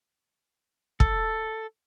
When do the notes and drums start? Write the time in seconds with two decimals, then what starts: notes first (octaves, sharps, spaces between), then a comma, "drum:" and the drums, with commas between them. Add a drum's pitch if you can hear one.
1.00 A4, drum: kick